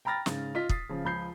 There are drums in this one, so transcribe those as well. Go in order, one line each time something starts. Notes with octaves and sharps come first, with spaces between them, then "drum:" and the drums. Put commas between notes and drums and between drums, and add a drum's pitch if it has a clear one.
G5 A#5 B5 F6 A6 A#6
G#2 C#3, drum: snare
F4 D#5 B6
D#6 A6 C7, drum: kick
C#3 F3
C#2 F3 B5 G6 C7